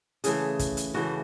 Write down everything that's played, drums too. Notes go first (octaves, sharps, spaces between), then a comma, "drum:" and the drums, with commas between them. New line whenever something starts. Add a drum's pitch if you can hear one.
C#3 E3 A3 G#4, drum: hi-hat
drum: kick, hi-hat
drum: hi-hat
C#3 E3 A3 F#4